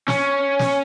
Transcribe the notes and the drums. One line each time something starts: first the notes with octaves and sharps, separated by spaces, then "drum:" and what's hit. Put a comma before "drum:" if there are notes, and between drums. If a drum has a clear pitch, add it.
C#4, drum: snare
drum: snare